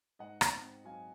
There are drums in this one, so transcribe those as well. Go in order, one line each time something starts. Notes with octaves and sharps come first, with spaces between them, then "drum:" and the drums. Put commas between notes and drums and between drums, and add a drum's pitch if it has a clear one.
G#2 D#5 F#5
C4, drum: rim click
C4
F#3 F5 G#5